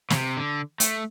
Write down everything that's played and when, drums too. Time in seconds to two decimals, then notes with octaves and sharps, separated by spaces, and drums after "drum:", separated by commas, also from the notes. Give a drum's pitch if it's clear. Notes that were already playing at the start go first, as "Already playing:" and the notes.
0.10 B2, drum: snare
0.15 C3
0.37 D3
0.80 A3, drum: hi-hat